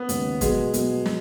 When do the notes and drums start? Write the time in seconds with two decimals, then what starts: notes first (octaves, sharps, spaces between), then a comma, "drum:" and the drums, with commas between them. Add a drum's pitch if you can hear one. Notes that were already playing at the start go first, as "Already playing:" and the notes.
Already playing: B3
0.09 D#2 C#3 G#3, drum: hi-hat
0.41 B2 F#3 G#3 B3, drum: kick, hi-hat
0.74 B2 F#3 B3, drum: hi-hat
1.06 F#3, drum: snare